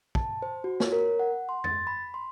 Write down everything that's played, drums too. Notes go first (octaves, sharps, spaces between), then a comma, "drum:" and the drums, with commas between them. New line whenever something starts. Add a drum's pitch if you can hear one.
A5, drum: kick
C5
F#4
C#5, drum: snare F4
A#4
F#5
C6
A6, drum: tom F2
B5
C6